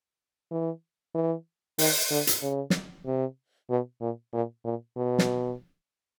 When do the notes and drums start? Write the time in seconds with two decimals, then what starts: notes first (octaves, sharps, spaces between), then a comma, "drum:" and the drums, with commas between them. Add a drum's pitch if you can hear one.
0.51 E3
1.15 E3
1.78 D#3, drum: open hi-hat
2.10 D3
2.27 drum: hi-hat
2.42 C#3
2.70 drum: snare
3.06 C3
3.70 B2
4.01 A#2
4.33 A#2
4.65 A#2
4.97 B2
5.19 drum: snare